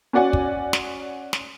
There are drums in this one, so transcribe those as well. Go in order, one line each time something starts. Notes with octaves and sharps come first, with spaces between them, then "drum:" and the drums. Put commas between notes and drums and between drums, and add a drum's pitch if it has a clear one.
C#4 F#4 D5 F#5 G#5
drum: kick
drum: snare
drum: snare